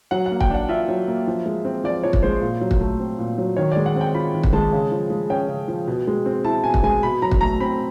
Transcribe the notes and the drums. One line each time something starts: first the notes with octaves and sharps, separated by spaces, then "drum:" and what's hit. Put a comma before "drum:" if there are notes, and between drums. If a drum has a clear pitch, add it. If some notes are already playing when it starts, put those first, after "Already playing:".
F#3 F#5
F#5
A#3
G5, drum: kick
D4 F#5
F4 E5
F#3
A#3
F3
G#3
C4
F3 D5
F3 C#5
drum: kick
G#3 C5
A#2
F#3
drum: kick
A3
C4
A#2
F#3
D#3 C#5
G#3 D5
F#5
C4
G5
F4 B5
D#3
drum: kick
G#3 A5
C#3
F3
G#3
C#4 G5
C#3
F3
B2
G#3
C4
E4 A5
B2 G#5
drum: kick
G#3 G#5
B2 B5
F#3 A#5
drum: kick
A3 A#5
C4 B5